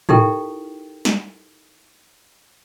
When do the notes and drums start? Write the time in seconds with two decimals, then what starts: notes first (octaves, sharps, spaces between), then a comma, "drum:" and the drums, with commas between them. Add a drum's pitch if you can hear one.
0.09 D#4 E4 G4 A4 A#4 G5, drum: tom
1.05 drum: snare